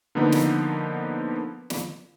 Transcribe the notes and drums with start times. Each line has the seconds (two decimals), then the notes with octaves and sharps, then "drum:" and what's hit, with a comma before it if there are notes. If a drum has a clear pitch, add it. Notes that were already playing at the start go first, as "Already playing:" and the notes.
0.15 D3 F3 A#3 B3 D#4 B4
0.32 drum: snare
1.70 drum: snare